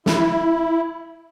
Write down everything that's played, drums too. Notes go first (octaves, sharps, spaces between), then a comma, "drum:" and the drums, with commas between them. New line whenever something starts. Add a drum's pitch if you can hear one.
E4, drum: snare